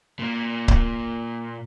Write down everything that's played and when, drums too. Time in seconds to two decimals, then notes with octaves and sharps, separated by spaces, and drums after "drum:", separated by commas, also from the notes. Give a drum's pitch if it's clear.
0.19 A#2 A#3
0.68 drum: kick C#1